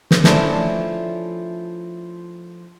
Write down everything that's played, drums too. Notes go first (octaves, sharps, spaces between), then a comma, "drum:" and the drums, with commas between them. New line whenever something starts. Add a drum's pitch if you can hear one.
drum: snare
F3 A3 C#4 D4 E4, drum: snare